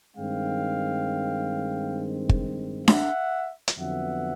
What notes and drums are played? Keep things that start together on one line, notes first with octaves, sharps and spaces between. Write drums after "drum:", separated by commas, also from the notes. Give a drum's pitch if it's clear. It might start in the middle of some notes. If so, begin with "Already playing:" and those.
G2 D#3 G#3 C4 F5 G5
drum: kick
E5 F#5, drum: snare D4
drum: hi-hat
F2 D3 F#3 B3 E5 F#5